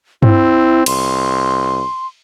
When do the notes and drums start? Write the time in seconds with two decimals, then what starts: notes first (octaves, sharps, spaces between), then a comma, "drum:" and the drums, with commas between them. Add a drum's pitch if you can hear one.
0.23 C4 E4, drum: tom G2
0.86 C2 C6, drum: cymbal